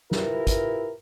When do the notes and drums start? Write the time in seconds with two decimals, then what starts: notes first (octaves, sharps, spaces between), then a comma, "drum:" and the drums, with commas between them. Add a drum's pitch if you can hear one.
0.11 E4 F4 G4 A#4 B4, drum: snare
0.47 drum: kick, hi-hat